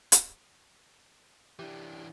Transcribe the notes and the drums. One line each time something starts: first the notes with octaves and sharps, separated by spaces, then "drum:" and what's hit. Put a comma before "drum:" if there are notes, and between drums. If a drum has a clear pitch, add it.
drum: hi-hat
E3 D4 G4